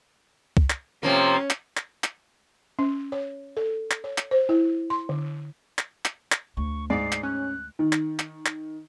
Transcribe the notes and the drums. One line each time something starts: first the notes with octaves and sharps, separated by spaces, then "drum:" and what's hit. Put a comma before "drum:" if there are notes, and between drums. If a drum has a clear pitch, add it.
drum: kick
drum: clap
C3 F3 A#3 C#4
drum: clap
drum: clap
drum: clap
C#4
C#5
A4
drum: clap
C#5
drum: clap
C5
E4
C6
D3
drum: clap
drum: clap
drum: clap
D2 C#6
G#2 D5 C7
drum: clap
C#4 F#6
D#3
drum: clap
drum: clap
drum: clap